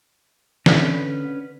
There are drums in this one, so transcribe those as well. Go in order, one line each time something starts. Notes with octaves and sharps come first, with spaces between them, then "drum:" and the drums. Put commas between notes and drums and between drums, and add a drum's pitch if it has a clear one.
D3 C#4 B4, drum: snare